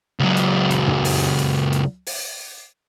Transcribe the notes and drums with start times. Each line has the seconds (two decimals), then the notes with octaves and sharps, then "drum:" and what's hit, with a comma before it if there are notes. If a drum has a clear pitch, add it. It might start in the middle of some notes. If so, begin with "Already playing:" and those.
0.20 C#2 F#3
0.37 drum: hi-hat
0.71 drum: hi-hat
0.88 drum: tom
1.05 drum: open hi-hat
1.39 drum: hi-hat
1.73 drum: hi-hat
2.07 drum: open hi-hat